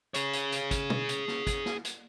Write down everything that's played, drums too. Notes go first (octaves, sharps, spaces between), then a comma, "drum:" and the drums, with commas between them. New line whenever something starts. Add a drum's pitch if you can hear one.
G#4 C#5, drum: hi-hat
drum: hi-hat
drum: hi-hat
drum: kick, hi-hat
drum: tom
drum: hi-hat
drum: snare
drum: kick, hi-hat
drum: snare
drum: hi-hat